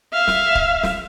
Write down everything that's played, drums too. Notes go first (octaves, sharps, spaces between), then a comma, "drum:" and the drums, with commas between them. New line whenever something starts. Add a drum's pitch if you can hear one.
E5 F5
drum: snare
drum: kick
drum: snare